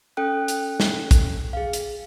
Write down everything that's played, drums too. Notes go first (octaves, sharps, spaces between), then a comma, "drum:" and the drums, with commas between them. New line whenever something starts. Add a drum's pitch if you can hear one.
C#4 A4 G5 F#6
drum: hi-hat
drum: snare
drum: kick, hi-hat
G#4 F5
drum: hi-hat